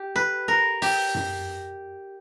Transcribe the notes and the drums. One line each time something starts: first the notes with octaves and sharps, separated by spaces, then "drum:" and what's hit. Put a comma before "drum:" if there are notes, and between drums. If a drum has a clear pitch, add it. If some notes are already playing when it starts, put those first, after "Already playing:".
Already playing: G4
B4
A#4
G4, drum: open hi-hat
drum: tom F#2